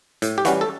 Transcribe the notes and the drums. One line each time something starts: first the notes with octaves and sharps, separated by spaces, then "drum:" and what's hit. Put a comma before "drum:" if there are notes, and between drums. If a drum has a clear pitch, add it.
A2, drum: hi-hat
G4
E3 G3 C#4 F#4, drum: hi-hat
A4